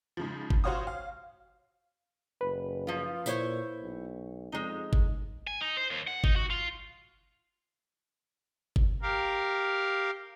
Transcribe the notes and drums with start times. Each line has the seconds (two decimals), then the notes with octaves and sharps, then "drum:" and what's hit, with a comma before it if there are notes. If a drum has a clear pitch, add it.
0.17 G#2 C#3 F3
0.50 drum: kick G1
0.64 F4 F#4 C5 C#5 F5 D#6
0.87 F5
2.41 F#1 B4
2.87 F3 F4
3.26 A#2 E4 C5 C#5, drum: tambourine
3.82 B1
4.52 F2 G#3 D#4
4.93 drum: kick G1
5.47 G#5
5.61 D#4
5.77 C5
5.90 D#2
6.07 F#5
6.24 D#4, drum: kick G1
6.36 F#4
6.50 F4
8.76 drum: kick G1
9.02 G4 A#4 F5